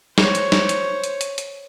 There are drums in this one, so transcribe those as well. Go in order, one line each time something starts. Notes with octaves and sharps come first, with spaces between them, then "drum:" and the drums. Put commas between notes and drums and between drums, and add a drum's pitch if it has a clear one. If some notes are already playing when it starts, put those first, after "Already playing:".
C5 C#5, drum: snare
drum: hi-hat
drum: snare
drum: hi-hat
drum: hi-hat
drum: hi-hat
drum: hi-hat